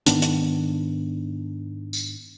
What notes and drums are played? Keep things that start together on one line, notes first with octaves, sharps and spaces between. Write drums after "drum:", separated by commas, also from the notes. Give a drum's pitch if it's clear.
G#2 D#3 B3 D4, drum: hi-hat
drum: hi-hat
drum: tambourine